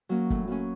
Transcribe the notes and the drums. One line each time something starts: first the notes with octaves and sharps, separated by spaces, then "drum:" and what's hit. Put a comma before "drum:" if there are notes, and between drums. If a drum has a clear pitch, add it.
F#3 A#3 C#4
A2, drum: kick
F#3 A#3 C#4